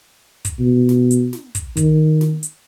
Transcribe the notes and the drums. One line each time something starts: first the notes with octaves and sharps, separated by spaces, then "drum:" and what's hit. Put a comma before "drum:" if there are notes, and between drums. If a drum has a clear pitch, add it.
drum: kick, hi-hat
B2
drum: snare
drum: hi-hat
drum: snare
drum: kick, hi-hat
D#3, drum: kick, hi-hat
drum: snare
drum: hi-hat